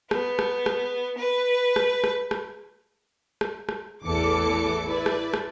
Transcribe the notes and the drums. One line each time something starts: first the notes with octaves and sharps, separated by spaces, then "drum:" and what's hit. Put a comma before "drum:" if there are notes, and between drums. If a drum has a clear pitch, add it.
B3, drum: rim click
drum: rim click
drum: rim click
B4
drum: rim click
drum: rim click
drum: rim click
drum: rim click
drum: rim click
A1 E2 E3 A4 D6 C#7
E4 B4 D5
drum: rim click
drum: rim click